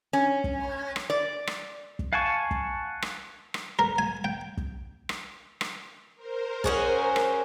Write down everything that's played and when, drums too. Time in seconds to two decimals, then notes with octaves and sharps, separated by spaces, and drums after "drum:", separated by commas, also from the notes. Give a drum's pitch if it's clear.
0.13 C#4
0.44 drum: kick
0.96 drum: rim click
1.10 D5
1.47 drum: rim click
1.99 drum: kick
2.13 F5 F#5 G#5 A5 C#6
2.51 drum: kick
3.02 drum: rim click
3.54 drum: rim click
3.79 A#4
3.98 G#5
4.24 G5
4.57 drum: kick
5.09 drum: rim click
5.61 drum: rim click
6.16 A#4 C5
6.64 C#4 F#4 G#4, drum: kick
7.16 drum: rim click